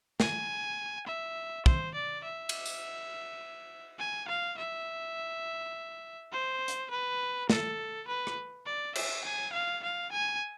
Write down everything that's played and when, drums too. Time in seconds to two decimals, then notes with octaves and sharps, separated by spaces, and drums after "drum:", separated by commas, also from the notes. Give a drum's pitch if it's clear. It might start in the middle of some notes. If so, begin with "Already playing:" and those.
0.20 G#5, drum: snare
1.07 E5
1.66 C5, drum: kick
1.94 D5
2.24 E5
2.49 drum: cymbal
2.66 drum: tambourine
3.99 G#5
4.28 F5
4.58 E5
6.32 C5
6.68 drum: hi-hat
6.91 B4
7.50 A4, drum: snare
8.08 B4
8.27 drum: rim click
8.66 D5
8.95 E5, drum: cymbal
9.25 G#5
9.53 F5
9.83 F5
10.12 G#5